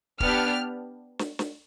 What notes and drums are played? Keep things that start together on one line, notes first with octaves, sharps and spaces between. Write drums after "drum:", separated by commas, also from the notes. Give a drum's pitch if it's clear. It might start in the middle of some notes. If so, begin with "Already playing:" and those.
B3 D4 G4 F6, drum: kick
drum: snare
drum: snare